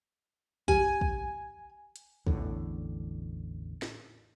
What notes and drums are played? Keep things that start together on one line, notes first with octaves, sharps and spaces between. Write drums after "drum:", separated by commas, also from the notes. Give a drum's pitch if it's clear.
G4 G#5, drum: kick
drum: kick
drum: hi-hat
A1 E2 A2 D3, drum: kick
drum: snare